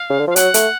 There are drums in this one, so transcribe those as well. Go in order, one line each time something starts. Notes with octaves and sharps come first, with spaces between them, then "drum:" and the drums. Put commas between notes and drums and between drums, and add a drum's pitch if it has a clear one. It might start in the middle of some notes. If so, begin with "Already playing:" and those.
Already playing: F5
C#3
D3
F3 F5
F#3 F#5, drum: hi-hat
A3, drum: hi-hat